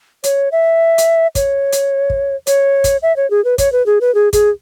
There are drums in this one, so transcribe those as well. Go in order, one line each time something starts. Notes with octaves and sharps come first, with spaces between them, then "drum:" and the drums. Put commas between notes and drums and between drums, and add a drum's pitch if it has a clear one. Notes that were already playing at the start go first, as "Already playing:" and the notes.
C#5, drum: hi-hat
E5
drum: hi-hat
C#5, drum: kick, hi-hat
drum: hi-hat
drum: kick
C#5, drum: hi-hat
drum: kick, hi-hat
E5
C#5
G#4
B4
C#5, drum: kick, hi-hat
B4
G#4
B4
G#4
G#4, drum: kick, hi-hat